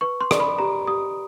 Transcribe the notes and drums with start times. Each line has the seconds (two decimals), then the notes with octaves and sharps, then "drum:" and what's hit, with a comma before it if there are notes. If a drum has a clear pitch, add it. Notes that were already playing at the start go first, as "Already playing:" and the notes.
0.01 B4 C#6
0.21 C6
0.31 D5, drum: rim click
0.40 B5
0.59 G4 A#5
0.87 G4 D#6